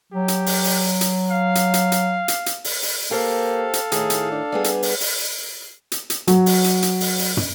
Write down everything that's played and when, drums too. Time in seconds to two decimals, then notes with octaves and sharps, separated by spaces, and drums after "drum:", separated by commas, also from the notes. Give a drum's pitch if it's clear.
0.12 F#3 G4
0.28 drum: hi-hat
0.46 drum: open hi-hat
0.65 drum: open hi-hat
1.01 drum: hi-hat
1.31 F5
1.55 drum: hi-hat
1.74 drum: hi-hat
1.92 drum: hi-hat
2.28 drum: hi-hat
2.46 drum: hi-hat
2.64 drum: open hi-hat
2.83 drum: open hi-hat
3.11 A#3 G4 A4 C5 F5
3.73 drum: hi-hat
3.92 A2 D#3 G#4, drum: hi-hat
4.10 drum: hi-hat
4.31 D4
4.52 G3 B3 G#4
4.64 drum: hi-hat
4.83 drum: open hi-hat
5.01 drum: open hi-hat
5.92 drum: hi-hat
6.10 drum: hi-hat
6.27 F#3, drum: hi-hat
6.46 drum: open hi-hat
6.64 drum: hi-hat
6.82 drum: hi-hat
7.01 drum: open hi-hat
7.19 drum: open hi-hat
7.37 drum: tom